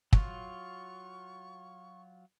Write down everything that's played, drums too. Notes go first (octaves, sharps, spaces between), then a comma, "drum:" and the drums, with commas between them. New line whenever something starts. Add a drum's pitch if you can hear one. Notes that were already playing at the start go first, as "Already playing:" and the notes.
F#3 F4 C#6, drum: kick